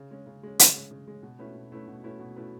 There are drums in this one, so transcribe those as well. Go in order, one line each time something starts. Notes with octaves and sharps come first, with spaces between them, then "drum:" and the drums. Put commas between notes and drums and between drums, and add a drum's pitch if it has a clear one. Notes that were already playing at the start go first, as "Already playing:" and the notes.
Already playing: C#3
G#3 C#4
C#3
G#3 C#4
C#3, drum: hi-hat
G#3 C#4
C#3
G#3 C#4
B2
A3 C#4 E4 B4
B2
A3 C#4 E4 B4
B2
A3 C#4 E4 B4
B2
A3 C#4 E4 B4